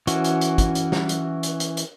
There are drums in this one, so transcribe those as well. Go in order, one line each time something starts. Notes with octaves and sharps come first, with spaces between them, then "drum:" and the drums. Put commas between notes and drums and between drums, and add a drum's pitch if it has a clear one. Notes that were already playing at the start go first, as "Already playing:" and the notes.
E3 C#4 F#4, drum: hi-hat
drum: hi-hat
drum: hi-hat
drum: kick, hi-hat
drum: hi-hat
drum: snare
drum: hi-hat
drum: hi-hat
drum: hi-hat
drum: hi-hat